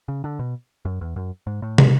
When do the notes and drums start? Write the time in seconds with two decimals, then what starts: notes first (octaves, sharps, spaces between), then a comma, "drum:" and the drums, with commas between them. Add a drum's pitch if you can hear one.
0.08 C#3
0.24 D3
0.39 B2
0.85 F#2
1.01 E2
1.16 F#2
1.47 G#2
1.62 A2
1.78 drum: tom